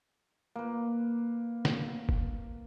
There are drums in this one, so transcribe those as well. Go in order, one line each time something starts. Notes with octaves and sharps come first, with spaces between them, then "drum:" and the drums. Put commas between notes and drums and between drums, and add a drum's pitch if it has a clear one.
A#3 B4
drum: snare
drum: kick